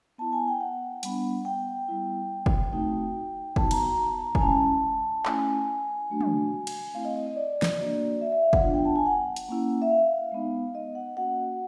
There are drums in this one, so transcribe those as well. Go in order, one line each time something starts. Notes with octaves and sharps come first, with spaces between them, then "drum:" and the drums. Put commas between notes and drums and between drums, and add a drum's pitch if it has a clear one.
B3 E4 A5
G#5
G5
F#5
G3 B3 D4, drum: hi-hat
G5
G3 B3 E4
drum: kick
A3 C4 D#4 F#4 G5
B3 D#4 F#4 A5, drum: kick
A#5, drum: cymbal
A#5
A5
A#5
G#5, drum: kick
G#3 C#4 E4 A5
A3 C#4 E4 G#5, drum: clap
F#3 A3 D4 F#4
drum: tom
drum: cymbal
A3 C4 E4 F5
D#5
D#5
D#5
D5
drum: snare
A#3 D4 F#4
E5
E5
F5
F#5, drum: kick
F#3 B3 D4 F4
G5
A5
G#5
F#5
drum: hi-hat
A#3 C#4 E4
E5
F5
G#3 B3 D#4
D#5
F#5
A#3 C#4 F#4 F#5